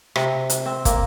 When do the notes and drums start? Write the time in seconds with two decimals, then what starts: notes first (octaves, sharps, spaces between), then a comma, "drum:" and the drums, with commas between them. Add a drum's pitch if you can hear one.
0.16 C3, drum: rim click
0.50 drum: hi-hat
0.66 C4
0.85 A#3, drum: kick, hi-hat